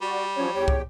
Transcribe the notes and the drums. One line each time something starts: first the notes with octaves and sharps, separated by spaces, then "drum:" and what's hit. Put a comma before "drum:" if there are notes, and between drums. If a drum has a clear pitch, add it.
G3 F#4 D5
F3 F#3 C#4 C#5
E2 G4 C#5 G5
drum: kick